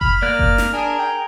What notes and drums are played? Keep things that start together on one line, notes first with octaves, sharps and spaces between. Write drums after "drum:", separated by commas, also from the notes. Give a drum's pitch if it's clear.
B5 F6, drum: kick F#1
A#3 D5 F#6
drum: kick F#1
drum: snare
D4 G#4 A#4
G5